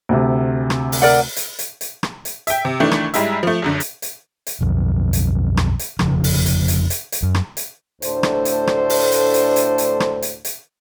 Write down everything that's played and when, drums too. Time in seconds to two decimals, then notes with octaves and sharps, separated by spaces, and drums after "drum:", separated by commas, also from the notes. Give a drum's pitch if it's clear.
0.09 D2 C3
0.70 drum: rim click
0.92 drum: open hi-hat
1.02 A#4 D5 F#5
1.36 drum: hi-hat
1.59 drum: hi-hat
1.81 drum: hi-hat
2.03 drum: rim click
2.25 drum: hi-hat
2.47 E5 G5, drum: hi-hat
2.65 C3
2.80 D#3 E3 A3 D4
2.91 drum: rim click
3.14 G#2 G3 G#3 E4 E5, drum: hi-hat
3.43 F3 A3
3.62 F#1 F#2 D3
3.80 drum: hi-hat
4.02 drum: hi-hat
4.47 drum: hi-hat
4.61 B1 F2
5.13 drum: hi-hat
5.57 drum: rim click
5.79 drum: hi-hat
5.99 F1 C#3 F3, drum: rim click
6.24 drum: open hi-hat
6.46 drum: hi-hat
6.68 drum: hi-hat
6.90 drum: hi-hat
7.12 drum: hi-hat
7.23 F#2
7.34 drum: rim click
7.57 drum: hi-hat
8.02 D2 A2 D4 A4 C5, drum: hi-hat
8.23 drum: rim click
8.45 drum: hi-hat
8.67 drum: rim click
8.90 drum: open hi-hat
9.12 drum: hi-hat
9.34 drum: hi-hat
9.56 drum: hi-hat
9.78 drum: hi-hat
10.00 drum: rim click
10.22 drum: hi-hat
10.45 drum: hi-hat